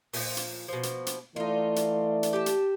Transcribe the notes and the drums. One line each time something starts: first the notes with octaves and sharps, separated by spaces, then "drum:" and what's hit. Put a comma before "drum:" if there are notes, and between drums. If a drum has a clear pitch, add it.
A#2 F3, drum: open hi-hat
drum: hi-hat
B2 F3
drum: hi-hat
drum: hi-hat
E3 A3 D#4 F4 D5
drum: hi-hat
drum: hi-hat
G4 G5 A5
drum: hi-hat